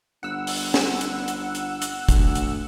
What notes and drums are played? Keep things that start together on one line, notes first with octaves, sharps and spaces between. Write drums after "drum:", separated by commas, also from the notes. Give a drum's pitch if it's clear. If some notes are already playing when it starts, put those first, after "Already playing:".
G1 F#5 E6
drum: open hi-hat
drum: snare
drum: hi-hat
drum: hi-hat
drum: hi-hat
drum: hi-hat
D2, drum: kick, hi-hat
drum: hi-hat